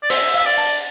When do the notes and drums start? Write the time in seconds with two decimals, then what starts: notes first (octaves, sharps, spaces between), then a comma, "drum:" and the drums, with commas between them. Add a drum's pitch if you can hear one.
0.03 D5
0.10 C5 E5, drum: open hi-hat
0.34 E5 F5
0.46 D5
0.58 A5